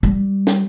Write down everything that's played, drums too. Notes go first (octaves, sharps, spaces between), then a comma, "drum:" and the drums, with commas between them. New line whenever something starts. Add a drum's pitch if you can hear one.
G3
drum: snare